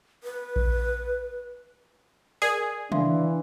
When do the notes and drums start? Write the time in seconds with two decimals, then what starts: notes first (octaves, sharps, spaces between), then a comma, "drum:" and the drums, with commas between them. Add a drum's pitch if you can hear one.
0.24 B4
0.56 drum: kick A#1
2.42 G#4 A#4 D5, drum: open hi-hat
2.92 E3 D4 E5 F5 C6, drum: tom